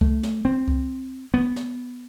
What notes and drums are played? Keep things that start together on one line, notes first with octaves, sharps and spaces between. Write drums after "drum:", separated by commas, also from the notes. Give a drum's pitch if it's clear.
A3, drum: kick C2
drum: snare
C4
drum: kick C2
B3
drum: snare